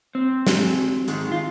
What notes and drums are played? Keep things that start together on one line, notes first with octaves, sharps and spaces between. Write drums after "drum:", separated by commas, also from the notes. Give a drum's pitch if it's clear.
C4
G#2 G#3, drum: snare
G#2 D#3 G#3, drum: hi-hat
F4